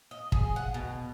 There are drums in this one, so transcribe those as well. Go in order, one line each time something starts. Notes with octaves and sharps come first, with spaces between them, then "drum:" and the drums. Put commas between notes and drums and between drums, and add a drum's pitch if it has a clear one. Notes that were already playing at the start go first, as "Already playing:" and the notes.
D#5
G#4, drum: kick
F#5
B2